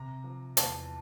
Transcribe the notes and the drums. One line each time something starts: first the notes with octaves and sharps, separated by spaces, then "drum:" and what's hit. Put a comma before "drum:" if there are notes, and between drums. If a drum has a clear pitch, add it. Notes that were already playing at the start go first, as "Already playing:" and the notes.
Already playing: C3 A#5
F3
E2 A5, drum: hi-hat